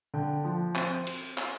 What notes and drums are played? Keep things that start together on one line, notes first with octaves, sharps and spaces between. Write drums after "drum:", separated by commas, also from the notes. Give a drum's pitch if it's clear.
D3 G5
F3
C4, drum: clap
drum: cymbal
drum: clap